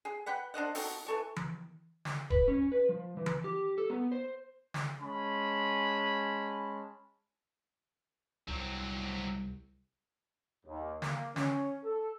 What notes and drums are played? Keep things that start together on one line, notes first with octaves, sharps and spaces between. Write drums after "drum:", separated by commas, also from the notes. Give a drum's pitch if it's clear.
G#4
B4 F#5 G5 B5
D4 C5 D#5 F#5
C4 D#4 F#4 A4, drum: open hi-hat
E3 A4 C#6
drum: tom E3
drum: snare
B4, drum: kick D#1
C#4
B4
F3
E3
drum: tom E3
G4
A4
B3
C5
drum: snare
G#3 C#4 A5 B5
C2 F#3 C4
D#2
A#3, drum: snare
C#4, drum: snare
A4